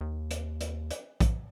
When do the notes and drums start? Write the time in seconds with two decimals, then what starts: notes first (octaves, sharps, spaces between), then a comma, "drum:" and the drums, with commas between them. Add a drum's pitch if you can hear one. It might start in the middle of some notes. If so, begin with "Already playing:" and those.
0.01 D#2
0.31 drum: hi-hat
0.61 drum: hi-hat
0.91 drum: hi-hat
1.20 drum: kick A#1, hi-hat